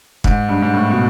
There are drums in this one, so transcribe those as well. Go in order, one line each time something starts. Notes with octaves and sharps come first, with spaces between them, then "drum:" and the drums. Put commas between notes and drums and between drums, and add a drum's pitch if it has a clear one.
G#2, drum: kick
G2
G#2
A2
B2